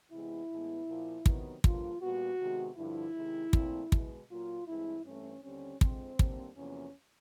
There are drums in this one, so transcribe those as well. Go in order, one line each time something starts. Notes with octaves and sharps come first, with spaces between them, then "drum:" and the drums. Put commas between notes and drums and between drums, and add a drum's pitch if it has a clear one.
C3 E3 G#3 B3 E4
A2 E3 G#3 B3
A#2 F3 A#3
C3 D#3 F#3 B3, drum: kick
G2 D3 F3 A#3 F4, drum: kick
A#2 G3 B3 F#4
C3 D#3 G#3 B3
G2 D3 F3 E4
C3 D#3 G#3
A#2 F3 A3 C4, drum: kick
B2 G#3 B3, drum: kick
A#2 F#3 A#3 F4
G2 E3 G#3 C4 E4
G2 E3 A3 C4 C#4
D#2 D3 G3 C4 C#4
F2 D3 F3 G#3 C4, drum: kick
D#2 D3 G3 A#3, drum: kick
E2 C3 F3 A#3 C#4